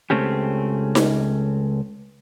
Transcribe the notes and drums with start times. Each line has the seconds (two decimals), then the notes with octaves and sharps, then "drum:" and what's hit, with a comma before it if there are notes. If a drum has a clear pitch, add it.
0.10 C#2 G2 A3 C4 C#4 G4
0.95 drum: snare D#4